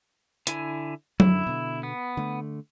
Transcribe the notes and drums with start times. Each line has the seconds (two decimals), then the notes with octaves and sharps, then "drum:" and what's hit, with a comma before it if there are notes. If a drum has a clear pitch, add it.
0.47 D3 E4 G#5, drum: hi-hat
1.20 F#2 D3 E4, drum: tom F#3
1.47 B2 D3
1.83 B3
2.17 D3 A3